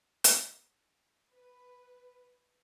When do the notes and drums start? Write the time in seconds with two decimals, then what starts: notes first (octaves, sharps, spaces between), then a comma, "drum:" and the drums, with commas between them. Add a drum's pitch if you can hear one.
0.24 drum: hi-hat
1.33 B4